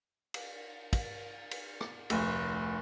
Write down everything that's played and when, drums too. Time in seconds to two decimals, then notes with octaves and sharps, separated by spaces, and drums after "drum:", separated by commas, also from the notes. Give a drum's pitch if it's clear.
0.34 drum: cymbal
0.93 drum: kick, cymbal
1.51 drum: cymbal
1.81 drum: rim click
2.10 F1 D2, drum: cymbal